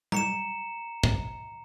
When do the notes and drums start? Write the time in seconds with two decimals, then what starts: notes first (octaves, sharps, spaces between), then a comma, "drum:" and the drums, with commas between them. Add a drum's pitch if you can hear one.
0.12 A#5 C#7 E7, drum: tom G3
1.04 drum: kick